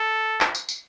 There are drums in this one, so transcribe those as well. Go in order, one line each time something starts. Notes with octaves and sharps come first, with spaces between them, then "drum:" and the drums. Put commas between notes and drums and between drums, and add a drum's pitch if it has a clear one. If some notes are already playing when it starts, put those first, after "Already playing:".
Already playing: A4
drum: clap
drum: tambourine
drum: tambourine